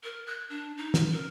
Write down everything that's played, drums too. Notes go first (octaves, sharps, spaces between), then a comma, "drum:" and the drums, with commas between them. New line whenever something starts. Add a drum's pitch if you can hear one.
A#4
F#6
D4
D#4
drum: snare
A#4